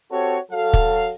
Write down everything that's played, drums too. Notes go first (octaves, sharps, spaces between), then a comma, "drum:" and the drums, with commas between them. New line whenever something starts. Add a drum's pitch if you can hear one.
C4 F#4 G4 A4 C#5
F#3 A4 F5
drum: kick